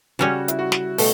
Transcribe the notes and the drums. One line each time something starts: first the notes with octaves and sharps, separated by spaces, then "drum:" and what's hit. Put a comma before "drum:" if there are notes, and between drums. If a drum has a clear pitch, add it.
C#3 G3 C#4 F#4
E4, drum: hi-hat
F#4
drum: snare
B2 A3, drum: open hi-hat